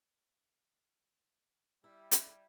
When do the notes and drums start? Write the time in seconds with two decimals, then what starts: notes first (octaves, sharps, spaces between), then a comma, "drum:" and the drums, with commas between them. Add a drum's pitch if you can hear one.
1.84 G3 E4
2.11 drum: hi-hat